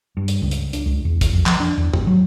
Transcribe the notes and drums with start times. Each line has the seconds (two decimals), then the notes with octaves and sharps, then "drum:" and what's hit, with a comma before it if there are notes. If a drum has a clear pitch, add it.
0.17 G2
0.28 drum: hi-hat
0.42 C#2
0.51 drum: hi-hat
0.73 D4, drum: hi-hat
0.86 C#2
1.05 E2
1.21 E2, drum: kick, hi-hat
1.33 F2
1.46 F3, drum: clap
1.60 D4
1.78 E2
1.94 G#1, drum: tom
2.07 F#3